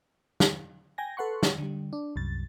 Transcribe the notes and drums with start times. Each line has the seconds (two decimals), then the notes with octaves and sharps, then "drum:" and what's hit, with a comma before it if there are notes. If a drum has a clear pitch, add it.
0.40 drum: snare
0.98 G5 G#5 A#6
1.17 A4 B4 F#5 C6 C#6
1.43 drum: snare
1.58 D3 G3
1.93 D4
2.16 C2 F#2 A6